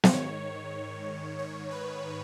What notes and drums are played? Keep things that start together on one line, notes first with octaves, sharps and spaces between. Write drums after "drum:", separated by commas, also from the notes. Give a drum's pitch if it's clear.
drum: snare
G#2 D#3 C#5
C#5
B4